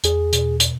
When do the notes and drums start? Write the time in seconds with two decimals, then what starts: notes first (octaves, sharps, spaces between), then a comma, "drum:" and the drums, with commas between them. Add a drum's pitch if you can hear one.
0.04 E2 G#4, drum: hi-hat
0.33 B2, drum: hi-hat
0.60 drum: hi-hat